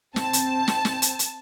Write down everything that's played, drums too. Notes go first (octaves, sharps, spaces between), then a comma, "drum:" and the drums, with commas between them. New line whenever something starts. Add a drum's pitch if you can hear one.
C4 A5, drum: snare
drum: hi-hat
drum: snare
drum: snare
drum: hi-hat
drum: hi-hat